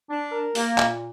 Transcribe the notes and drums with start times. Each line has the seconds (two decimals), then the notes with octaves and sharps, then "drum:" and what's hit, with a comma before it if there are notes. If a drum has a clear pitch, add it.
0.09 D4
0.32 A#4
0.55 A#3, drum: open hi-hat
0.78 A#2, drum: clap